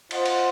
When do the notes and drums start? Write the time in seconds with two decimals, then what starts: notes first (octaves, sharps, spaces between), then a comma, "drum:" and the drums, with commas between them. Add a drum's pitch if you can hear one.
0.11 F4 C5 D#5 F#5, drum: cymbal
0.26 drum: cymbal